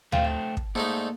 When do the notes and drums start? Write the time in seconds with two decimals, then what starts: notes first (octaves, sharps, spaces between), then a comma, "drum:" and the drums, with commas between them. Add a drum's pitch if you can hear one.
0.12 A3 F4 C5 G5, drum: tom D2
0.24 A5
0.57 drum: kick
0.75 G#2 A3 A#3 D#4 A4 D5